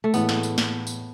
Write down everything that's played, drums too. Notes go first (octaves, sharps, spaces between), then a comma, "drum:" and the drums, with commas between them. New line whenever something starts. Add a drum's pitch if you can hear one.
A3
A2 E3 G#3 B3, drum: tambourine
drum: snare
drum: tambourine
drum: snare
drum: tambourine